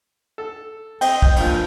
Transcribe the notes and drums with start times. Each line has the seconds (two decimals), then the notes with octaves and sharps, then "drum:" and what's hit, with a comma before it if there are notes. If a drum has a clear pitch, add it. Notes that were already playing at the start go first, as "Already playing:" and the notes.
0.38 A4
1.01 C4 D#5 G5, drum: cymbal
1.22 G6, drum: kick
1.36 G2 A#2 F3, drum: cymbal